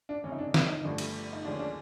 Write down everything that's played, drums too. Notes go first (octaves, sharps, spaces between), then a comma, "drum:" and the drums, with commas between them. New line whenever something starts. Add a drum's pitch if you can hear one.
D4
G1 F2 C#3 C#4
D#4
D4
D4, drum: snare
D#4
G1 G2 D3 F3 A3 D4
drum: cymbal
D#4
D#2 D3 F3 G#3 C#4 D4
D4